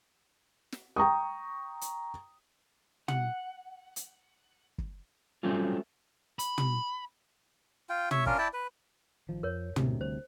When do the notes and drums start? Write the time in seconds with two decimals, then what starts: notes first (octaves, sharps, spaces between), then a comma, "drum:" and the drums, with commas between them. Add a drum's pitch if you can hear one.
0.72 drum: snare
0.96 G5 A#5 C#6 D#6
1.81 drum: hi-hat
3.08 F#5, drum: tom
3.96 drum: hi-hat
4.78 drum: kick
5.43 F#3 G3 A3 C4 C#4 F4
6.39 B5, drum: hi-hat
6.58 drum: tom
7.89 F4 G5
8.11 C#5 E5, drum: tom
8.26 C#4 D4 F4 A#4, drum: kick
8.38 E4 D5 G5 A5
8.53 B4
9.29 A1 D#3 F3
9.43 F2 A#4 C#5
9.76 D2 G#2 C3 B3 C4, drum: tom
10.01 D1 D3 G3 C5